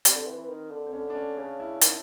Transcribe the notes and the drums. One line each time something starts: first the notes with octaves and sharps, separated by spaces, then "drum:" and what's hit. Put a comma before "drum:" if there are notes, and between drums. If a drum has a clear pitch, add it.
G3 C4, drum: hi-hat
D3
E3
E3
D#3
D3
C4
D3 C#4
D4
C#4
C#3 D4
E4
D#3, drum: hi-hat